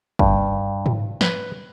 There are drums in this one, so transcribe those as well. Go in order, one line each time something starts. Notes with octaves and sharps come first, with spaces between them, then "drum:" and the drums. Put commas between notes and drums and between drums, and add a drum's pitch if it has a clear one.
G2, drum: kick
drum: tom G#2
B4, drum: snare